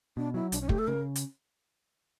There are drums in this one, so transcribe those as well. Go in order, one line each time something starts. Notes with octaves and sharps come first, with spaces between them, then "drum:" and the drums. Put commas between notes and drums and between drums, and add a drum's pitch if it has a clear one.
B2 D4
F#3 E4
B1 D4, drum: hi-hat
C#4
A3 G4, drum: kick
A4
C#3 A#4
drum: hi-hat